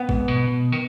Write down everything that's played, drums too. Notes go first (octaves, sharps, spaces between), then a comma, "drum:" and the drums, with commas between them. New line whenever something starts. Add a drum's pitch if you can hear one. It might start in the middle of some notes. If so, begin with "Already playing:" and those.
Already playing: B3
G#2, drum: kick G#1
B2
B2
D#3